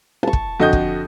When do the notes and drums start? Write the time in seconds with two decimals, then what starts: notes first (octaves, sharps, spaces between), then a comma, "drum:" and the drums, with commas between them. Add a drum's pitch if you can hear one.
0.23 A5 C#6
0.33 drum: kick
0.60 F2 D3 F#4 D#5 G6
0.73 drum: kick